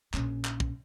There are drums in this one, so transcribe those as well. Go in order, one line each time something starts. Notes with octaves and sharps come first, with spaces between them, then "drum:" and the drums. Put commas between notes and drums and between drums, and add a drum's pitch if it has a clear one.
A#1 C#4, drum: clap
drum: clap
drum: kick